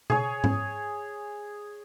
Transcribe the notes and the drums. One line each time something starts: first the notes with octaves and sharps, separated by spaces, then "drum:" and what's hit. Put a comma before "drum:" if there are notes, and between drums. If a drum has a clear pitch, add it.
G#4 C#5, drum: tom B2
drum: tom G#2